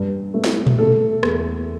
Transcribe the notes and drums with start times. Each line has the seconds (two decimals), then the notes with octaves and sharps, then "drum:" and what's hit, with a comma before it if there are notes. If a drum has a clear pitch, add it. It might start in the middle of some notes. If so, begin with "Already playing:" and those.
Already playing: G2
0.34 A3
0.44 drum: snare
0.67 drum: tom A#2
0.78 A3 A4
1.23 E2, drum: rim click